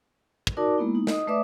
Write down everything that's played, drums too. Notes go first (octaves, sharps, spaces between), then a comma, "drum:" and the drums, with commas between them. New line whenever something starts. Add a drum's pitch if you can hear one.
drum: kick
D#4 F#4 A#4 D5 A5 D6
G#3 A#3 B3 E4
D#4
D#5 D#6, drum: snare
A3 B4 D5 E5 D6 D#6